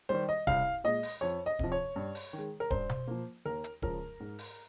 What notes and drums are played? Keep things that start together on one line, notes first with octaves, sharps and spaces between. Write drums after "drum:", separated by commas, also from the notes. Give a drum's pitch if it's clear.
D#3 G3 C5
D#5
C2 F5, drum: kick D1
A#2 G#3 D#5
drum: open hi-hat
F2 C#5
D#5
C3 F3, drum: kick D1
C#5
G2
drum: open hi-hat
D#3
G#3
A#4
G2 C5, drum: kick D1
drum: tom B2
F3 A#3
D#2 A#4
drum: hi-hat
C#3 F3 G#3 A#4, drum: kick D1
G#2
drum: open hi-hat